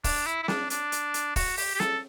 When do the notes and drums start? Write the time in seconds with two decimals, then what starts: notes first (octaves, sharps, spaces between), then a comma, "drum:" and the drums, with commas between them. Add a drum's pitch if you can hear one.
0.04 D4, drum: kick, open hi-hat
0.26 E4
0.43 E4
0.48 D4, drum: snare
0.70 D4, drum: hi-hat
0.92 drum: hi-hat
1.14 drum: hi-hat
1.36 F#4, drum: kick, open hi-hat
1.57 G4, drum: open hi-hat
1.74 G4
1.80 A4, drum: snare